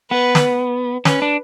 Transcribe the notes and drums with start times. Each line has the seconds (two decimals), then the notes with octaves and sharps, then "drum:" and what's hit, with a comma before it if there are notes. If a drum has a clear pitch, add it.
0.11 B3 B4
0.35 drum: snare
1.05 C#4 B4, drum: snare
1.22 D4